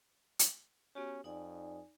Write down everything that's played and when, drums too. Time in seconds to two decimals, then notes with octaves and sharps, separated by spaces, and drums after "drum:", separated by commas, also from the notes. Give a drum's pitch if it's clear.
0.39 drum: hi-hat
0.95 B3 C#4 F#4 G4
1.24 F2 D#4 D5 G#5